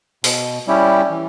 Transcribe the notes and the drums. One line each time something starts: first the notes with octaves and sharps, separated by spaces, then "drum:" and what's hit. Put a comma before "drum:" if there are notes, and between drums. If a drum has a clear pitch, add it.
B2, drum: open hi-hat
G3 C#4 E4 G4
E3